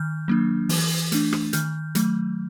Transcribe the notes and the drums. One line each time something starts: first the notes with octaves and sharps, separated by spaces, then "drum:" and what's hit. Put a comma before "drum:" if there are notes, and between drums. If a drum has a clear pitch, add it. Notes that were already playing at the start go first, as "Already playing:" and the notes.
Already playing: D#3 F6 G6
F#3 A#3 D4
E3, drum: open hi-hat
A3 D4, drum: hi-hat
drum: rim click
D#3 F6 G6, drum: hi-hat
F#3 A3, drum: hi-hat